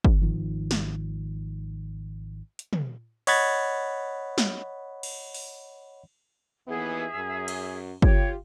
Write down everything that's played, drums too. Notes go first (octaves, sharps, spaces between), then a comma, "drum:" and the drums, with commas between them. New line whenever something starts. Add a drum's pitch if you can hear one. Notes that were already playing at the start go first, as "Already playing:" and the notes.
drum: kick G1
G#1 D#3 F3
drum: snare
drum: hi-hat
drum: tom
C#5 D#5 F#5 B5 G#6 A6, drum: cymbal
drum: snare
drum: cymbal
drum: open hi-hat
D#2 E3 B3 G#4 E5
F#2
drum: cymbal
F4 G4 C#5 G5, drum: kick G1